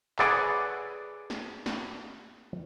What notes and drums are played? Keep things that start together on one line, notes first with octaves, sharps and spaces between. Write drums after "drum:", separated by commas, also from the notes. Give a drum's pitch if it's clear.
G#4 A4 B4 C#5 D5 F#5, drum: clap
drum: snare
drum: snare